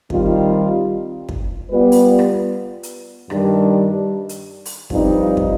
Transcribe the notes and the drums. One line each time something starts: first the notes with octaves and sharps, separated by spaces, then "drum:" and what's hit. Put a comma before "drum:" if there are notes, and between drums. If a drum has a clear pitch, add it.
D#3 G3 C4 F4, drum: kick
drum: kick
G3 B3 F4 B4
drum: open hi-hat
drum: rim click
drum: hi-hat
G2 D#3 G3 D4, drum: rim click
drum: hi-hat
drum: open hi-hat
G2 F3 C4 D#4, drum: kick
drum: kick